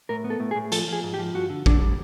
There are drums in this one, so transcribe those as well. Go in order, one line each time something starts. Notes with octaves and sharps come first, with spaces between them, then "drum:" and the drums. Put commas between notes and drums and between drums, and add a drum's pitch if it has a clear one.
A2 A#4
B3
A4
A2
G#4
A2
F3 A4, drum: hi-hat
F3 G#4
G#2
G4
F3
G2 F#4
D3
D3 D4, drum: kick A1
G3